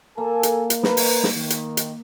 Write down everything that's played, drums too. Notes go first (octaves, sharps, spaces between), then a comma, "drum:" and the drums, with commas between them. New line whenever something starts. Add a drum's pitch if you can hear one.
A#3 A4 A#4 G#5
drum: hi-hat
drum: hi-hat
A#4 B4, drum: snare
drum: open hi-hat
drum: snare
D#3
drum: hi-hat
drum: hi-hat